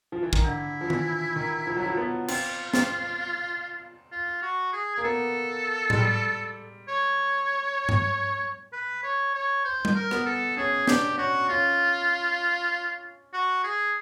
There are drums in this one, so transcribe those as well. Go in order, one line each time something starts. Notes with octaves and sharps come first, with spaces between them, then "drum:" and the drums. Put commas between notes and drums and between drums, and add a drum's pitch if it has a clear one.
F3
E3
D#3, drum: kick
D3 E4
F3
E3, drum: tom D#3
D#3
F3
F#3
F3
B3
C4 F4, drum: cymbal
C4, drum: snare
F4
F#4
G#4
A#3 G#4
B3 A4
G#3, drum: tom A2
G3
C#5
drum: tom G2
B4
C#5
C#5
C5
drum: tom G3
A#4
B3, drum: rim click
A4
C#4 G#4
D4 G4, drum: snare
C#4 F#4
C#4 F4
F#4
G#4